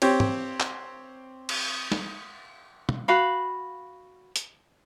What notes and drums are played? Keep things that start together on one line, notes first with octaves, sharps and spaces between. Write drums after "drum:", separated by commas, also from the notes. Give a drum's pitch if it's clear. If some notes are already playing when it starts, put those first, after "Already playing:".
C4 G4 C#5, drum: cymbal
drum: tom
drum: clap
drum: cymbal
drum: snare
drum: tom
F#4 F5 B5
drum: hi-hat